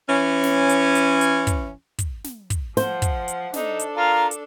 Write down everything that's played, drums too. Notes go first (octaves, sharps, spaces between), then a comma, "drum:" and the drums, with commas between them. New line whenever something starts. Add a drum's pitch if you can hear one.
E3 C#4
drum: snare
drum: hi-hat
drum: hi-hat
drum: hi-hat
drum: kick, hi-hat
drum: kick, hi-hat
drum: snare
drum: kick, hi-hat
F3 C5 F#5, drum: snare
drum: kick, hi-hat
drum: hi-hat
D4 D#4 A4, drum: snare
drum: hi-hat
F4 A#4 F5 A#5
drum: hi-hat